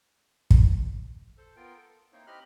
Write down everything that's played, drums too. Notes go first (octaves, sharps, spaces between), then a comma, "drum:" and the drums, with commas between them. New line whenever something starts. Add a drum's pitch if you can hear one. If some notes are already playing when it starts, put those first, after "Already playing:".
drum: kick
A4 C5
B3 F4 A#4 G5
A4
A#3 C4 D#4 E4 C#5
C4 G4 D#5 B5 F6 F#6